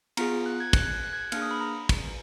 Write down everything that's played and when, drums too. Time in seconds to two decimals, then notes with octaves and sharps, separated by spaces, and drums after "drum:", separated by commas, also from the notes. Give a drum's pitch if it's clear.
0.17 B3 F4 G#4 A#5, drum: cymbal
0.46 F#6
0.60 G#6
0.73 F#6, drum: kick, cymbal
0.86 G#6
1.04 F#6
1.13 G#6
1.22 F#6
1.32 A#3 D4 G#4 F6, drum: cymbal
1.42 D#6
1.51 B5
1.60 A#5
1.89 drum: kick, cymbal